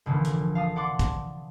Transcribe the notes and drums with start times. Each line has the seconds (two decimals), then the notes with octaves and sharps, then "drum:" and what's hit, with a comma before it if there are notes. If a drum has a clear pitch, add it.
0.06 F1 A#1 D3 E3 F3
0.25 drum: hi-hat
0.55 F5 A5 D#6
0.76 D5 F#5 C6 D6
0.99 drum: kick, hi-hat